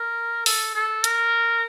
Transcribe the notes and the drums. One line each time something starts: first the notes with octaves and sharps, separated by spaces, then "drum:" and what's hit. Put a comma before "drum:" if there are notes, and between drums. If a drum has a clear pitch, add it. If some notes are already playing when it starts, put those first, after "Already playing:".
Already playing: A#4
A4, drum: open hi-hat
A4
A#4, drum: hi-hat